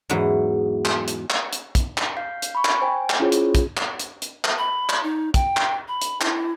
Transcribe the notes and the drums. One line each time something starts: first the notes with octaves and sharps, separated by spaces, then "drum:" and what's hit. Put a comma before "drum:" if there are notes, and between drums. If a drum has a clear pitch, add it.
E2 G#2 E3 F#3 B4
drum: clap
drum: hi-hat
drum: clap
drum: hi-hat
drum: kick, hi-hat
drum: clap
F5 G6 C7
drum: hi-hat
B5 C#6
drum: clap
C5 G5 G#5
drum: clap
C#4 E4 F4 G#4 C5 C#5
drum: hi-hat
drum: kick, hi-hat
drum: clap
drum: hi-hat
drum: hi-hat
drum: clap
B5
drum: clap
D#4
G5, drum: kick, hi-hat
drum: clap
B5
drum: hi-hat
E4, drum: clap